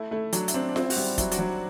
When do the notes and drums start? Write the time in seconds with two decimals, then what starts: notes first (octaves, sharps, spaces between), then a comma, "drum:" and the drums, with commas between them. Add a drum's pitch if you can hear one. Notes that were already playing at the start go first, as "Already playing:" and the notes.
Already playing: A3 E4
0.11 A3 E4
0.33 F#3 D4, drum: hi-hat
0.48 E4, drum: hi-hat
0.54 C4 D4
0.69 D4
0.76 C4 E4, drum: snare F4
0.90 F#4, drum: open hi-hat
0.97 G3 E4
1.18 F#3 E4, drum: kick, hi-hat
1.31 D4 F#4, drum: hi-hat
1.39 F#3